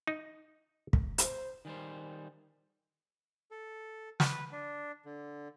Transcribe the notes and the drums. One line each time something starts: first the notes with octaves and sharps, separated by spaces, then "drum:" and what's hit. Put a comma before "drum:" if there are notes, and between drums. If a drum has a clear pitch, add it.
D#4
drum: kick
C5, drum: hi-hat
D#3 G3 C5 G#5
A4
B4, drum: snare
D4
D3